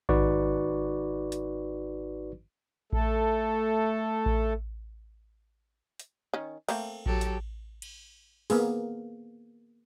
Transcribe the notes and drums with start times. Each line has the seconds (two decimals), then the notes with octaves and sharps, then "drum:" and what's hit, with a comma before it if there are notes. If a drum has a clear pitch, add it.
0.09 G#1 D#4 F#4 B4 D5 C#6, drum: kick A1
1.32 drum: hi-hat
2.93 A3 A4, drum: kick A1
4.26 drum: kick A1
5.99 drum: hi-hat
6.34 D#3 C#4
6.69 A3 A#3 C4, drum: cymbal
7.06 F#3 G4 A4, drum: kick A1
7.21 drum: hi-hat
7.82 drum: cymbal
8.50 A#3 B3 G#4, drum: open hi-hat